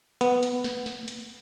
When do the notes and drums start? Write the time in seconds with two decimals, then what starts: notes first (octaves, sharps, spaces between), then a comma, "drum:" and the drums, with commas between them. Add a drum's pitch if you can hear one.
0.21 B3, drum: hi-hat
0.43 drum: hi-hat
0.64 drum: snare
0.86 drum: snare
1.08 drum: hi-hat